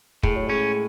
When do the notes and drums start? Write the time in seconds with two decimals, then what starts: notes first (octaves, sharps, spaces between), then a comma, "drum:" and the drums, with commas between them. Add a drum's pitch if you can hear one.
0.23 A2 G#3, drum: kick
0.36 F#3
0.47 G#3 C#4